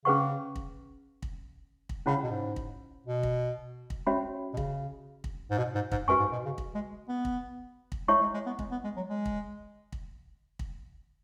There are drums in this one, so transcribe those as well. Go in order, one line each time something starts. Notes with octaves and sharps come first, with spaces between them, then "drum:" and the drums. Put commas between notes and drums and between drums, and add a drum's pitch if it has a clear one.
C#3 C#4 G#4 B4 F#5 C#6
drum: kick
drum: kick
drum: kick
C#3 C#4 E4 C#5 F#5 B5
B2
G#2
drum: kick
B2
drum: kick
drum: kick
C#4 F#4 C#5 E5 B5
B2
C#3, drum: kick
drum: kick
G#2
B2
G#2
G#2, drum: kick
F#2 F#4 B4 G#5 C#6
G#2
B2
C#3
drum: kick
G#3
B3
drum: kick
drum: kick
G#3 E4 C#5 E5 C#6
G#3
G#3
B3
G#3, drum: kick
B3
G#3
F#3
G#3
drum: kick
drum: kick
drum: kick